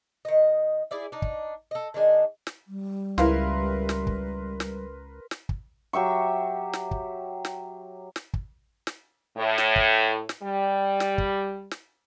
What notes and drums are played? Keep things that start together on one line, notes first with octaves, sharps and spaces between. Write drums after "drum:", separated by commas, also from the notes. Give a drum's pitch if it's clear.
D#3 D#5
E4 G#4 D5 E5
D4 D#4
drum: kick
A4 D#5
D#3 G#3 D4 G#5
drum: snare
G3
C#2 E4 A#4 B4 F5 C6, drum: snare
drum: snare
drum: kick
drum: snare
drum: snare
drum: kick
F#3 G4 E5 C#6
drum: snare
drum: kick
drum: snare
drum: snare
drum: kick
drum: snare
A2
drum: snare
drum: kick
drum: snare
G3
drum: snare
drum: kick
drum: snare